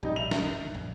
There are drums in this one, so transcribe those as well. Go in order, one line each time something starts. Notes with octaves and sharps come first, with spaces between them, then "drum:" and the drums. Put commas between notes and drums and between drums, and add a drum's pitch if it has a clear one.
A#1 G3 D#4
E5 F7
drum: snare
F#2 D3
A#1